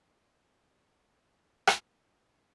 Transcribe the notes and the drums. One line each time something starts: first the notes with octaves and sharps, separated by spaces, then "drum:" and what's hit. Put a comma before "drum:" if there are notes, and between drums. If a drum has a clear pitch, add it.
drum: rim click
C#5 D5
E4
A2
D4 D5
F#2